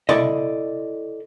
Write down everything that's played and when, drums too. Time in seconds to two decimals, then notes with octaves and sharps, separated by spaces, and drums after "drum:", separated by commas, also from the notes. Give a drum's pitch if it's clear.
0.09 E4 A4 D5 D#5, drum: tom